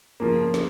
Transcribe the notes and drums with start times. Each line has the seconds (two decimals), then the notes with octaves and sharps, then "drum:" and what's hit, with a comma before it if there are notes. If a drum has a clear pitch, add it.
0.20 C#3 F3 A#3
0.54 C#3, drum: snare